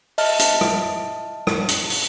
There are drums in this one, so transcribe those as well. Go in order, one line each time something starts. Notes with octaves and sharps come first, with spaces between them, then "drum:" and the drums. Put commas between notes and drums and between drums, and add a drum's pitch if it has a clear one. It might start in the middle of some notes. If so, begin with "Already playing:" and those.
D#5 E5 A5 F6, drum: open hi-hat
drum: hi-hat
drum: rim click
drum: rim click
drum: hi-hat
drum: open hi-hat